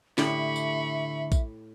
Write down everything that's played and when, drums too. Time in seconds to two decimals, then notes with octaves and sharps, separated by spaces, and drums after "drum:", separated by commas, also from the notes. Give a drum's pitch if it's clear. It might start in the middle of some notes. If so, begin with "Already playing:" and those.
0.18 A2 D3 G4 E5 B5 C#6, drum: snare C#4
0.56 drum: tambourine
1.32 drum: kick A#1, tambourine